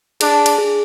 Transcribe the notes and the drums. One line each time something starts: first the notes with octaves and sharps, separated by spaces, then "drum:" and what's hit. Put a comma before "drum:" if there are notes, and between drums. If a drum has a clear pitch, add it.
D4 G#4, drum: cymbal
drum: cymbal
G#4